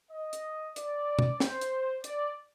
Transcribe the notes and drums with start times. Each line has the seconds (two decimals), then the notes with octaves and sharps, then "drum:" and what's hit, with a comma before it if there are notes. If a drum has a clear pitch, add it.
0.11 D#5
0.33 drum: hi-hat
0.76 D5, drum: hi-hat
1.19 drum: tom
1.40 C5, drum: snare
1.61 drum: hi-hat
2.04 D5, drum: hi-hat